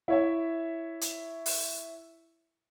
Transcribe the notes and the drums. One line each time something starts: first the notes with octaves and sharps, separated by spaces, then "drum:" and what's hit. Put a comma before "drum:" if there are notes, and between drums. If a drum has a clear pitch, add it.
E4 C#5 E5
drum: hi-hat
drum: open hi-hat